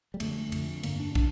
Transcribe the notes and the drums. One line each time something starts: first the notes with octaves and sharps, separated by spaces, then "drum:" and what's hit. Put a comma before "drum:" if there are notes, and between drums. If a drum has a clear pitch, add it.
G3
F2 D3 A3, drum: cymbal
F2 D3, drum: cymbal
G2 D3 A#3, drum: cymbal
D4
D4, drum: kick